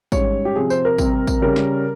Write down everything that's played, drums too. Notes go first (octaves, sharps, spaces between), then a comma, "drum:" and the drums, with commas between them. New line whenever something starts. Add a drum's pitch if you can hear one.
G#2 G3 C#4 C#5, drum: kick, tambourine
G4
C3 F3 C4 G#4
C5, drum: tambourine
A#4
C3 G3 C4, drum: kick, tambourine
drum: kick, tambourine
C#3 G3 C#4 A#4
drum: snare